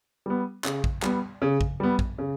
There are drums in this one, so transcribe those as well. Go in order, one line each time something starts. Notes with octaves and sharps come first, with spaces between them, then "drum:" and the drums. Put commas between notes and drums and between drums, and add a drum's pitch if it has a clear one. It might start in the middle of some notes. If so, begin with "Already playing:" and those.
G3 B3
C#3, drum: clap
drum: kick A#1
G3 B3, drum: clap
C#3
drum: kick A#1
G3 B3
drum: kick A#1
C#3